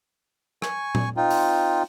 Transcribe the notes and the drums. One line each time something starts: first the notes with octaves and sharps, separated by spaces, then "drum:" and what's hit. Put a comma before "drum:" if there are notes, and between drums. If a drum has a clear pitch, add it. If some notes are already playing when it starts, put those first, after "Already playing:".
G#5 C#6, drum: rim click
drum: tom A#2
C4 D#4 F4
drum: open hi-hat